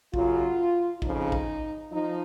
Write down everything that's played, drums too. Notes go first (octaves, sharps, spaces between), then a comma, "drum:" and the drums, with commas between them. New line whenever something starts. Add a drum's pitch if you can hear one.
F#2 C#3 F#3 F4, drum: kick A1
F2 C#3 F3 D#4, drum: kick A1
drum: kick A1
F3 D#4